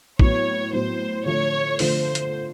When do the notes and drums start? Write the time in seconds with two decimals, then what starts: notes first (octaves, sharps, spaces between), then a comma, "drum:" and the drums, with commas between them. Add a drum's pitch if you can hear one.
0.19 A2 F#3 B3 C#5, drum: kick
0.73 A2 F#3 B3 C5
1.26 D3 F3 A3 C#5
1.79 D3 F3 A3 C5, drum: open hi-hat
2.15 drum: hi-hat